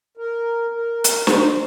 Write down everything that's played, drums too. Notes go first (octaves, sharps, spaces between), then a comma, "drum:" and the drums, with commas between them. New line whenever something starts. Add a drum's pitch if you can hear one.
A#4
A#4
drum: hi-hat
C5, drum: snare